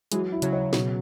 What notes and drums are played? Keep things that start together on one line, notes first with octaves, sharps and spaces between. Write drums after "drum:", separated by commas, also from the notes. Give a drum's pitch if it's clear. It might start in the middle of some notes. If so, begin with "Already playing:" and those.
E3 F#3 G#3, drum: hi-hat
E4
C#3 F#3, drum: hi-hat
C#5
B2, drum: snare